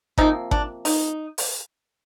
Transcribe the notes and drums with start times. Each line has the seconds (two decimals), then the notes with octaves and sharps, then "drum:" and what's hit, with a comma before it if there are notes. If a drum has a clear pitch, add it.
0.18 C3 F3 A#3 D#4, drum: kick G#1
0.51 D4, drum: kick G#1
0.85 D#4, drum: open hi-hat
1.38 drum: open hi-hat